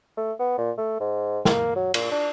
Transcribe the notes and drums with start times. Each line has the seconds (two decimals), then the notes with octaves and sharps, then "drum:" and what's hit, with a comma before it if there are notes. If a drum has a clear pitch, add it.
0.17 A3
0.39 B3
0.58 A#2
0.78 A3
1.00 G#2
1.45 A#3, drum: snare
1.76 F#3
1.94 A#2, drum: cymbal
2.12 D4